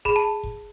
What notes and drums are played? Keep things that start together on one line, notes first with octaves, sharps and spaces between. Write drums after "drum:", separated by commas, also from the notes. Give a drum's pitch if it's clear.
G#4 B5, drum: kick F1
A5
drum: kick F1